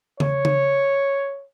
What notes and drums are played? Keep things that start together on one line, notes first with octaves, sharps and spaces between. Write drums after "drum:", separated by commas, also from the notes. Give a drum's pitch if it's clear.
C#5, drum: tom C#3
drum: tom C#3